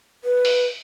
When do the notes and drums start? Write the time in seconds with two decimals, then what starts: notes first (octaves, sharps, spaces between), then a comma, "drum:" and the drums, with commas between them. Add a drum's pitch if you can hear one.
0.24 B4
0.45 drum: open hi-hat